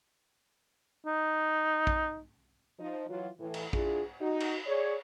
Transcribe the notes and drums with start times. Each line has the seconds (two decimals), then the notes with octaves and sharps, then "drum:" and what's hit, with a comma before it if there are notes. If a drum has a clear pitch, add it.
1.06 D#4
1.87 drum: kick A#1
2.79 F3 D#4
3.09 E3 F#3 F4
3.39 A2 E3
3.54 drum: cymbal
3.73 D4 E4 F4 G#4, drum: kick A#1
4.21 D#4 F#4
4.40 drum: cymbal
4.66 G#4 C#5 D5